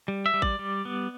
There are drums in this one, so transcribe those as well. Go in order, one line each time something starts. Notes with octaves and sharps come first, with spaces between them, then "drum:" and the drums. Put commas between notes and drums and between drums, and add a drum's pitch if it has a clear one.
G3
E5
G3
D5, drum: kick A1
G3
B3